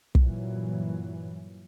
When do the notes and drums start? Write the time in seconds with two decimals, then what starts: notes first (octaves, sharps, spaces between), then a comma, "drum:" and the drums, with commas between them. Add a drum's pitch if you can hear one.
0.15 G2 A#2 E3 F#3, drum: kick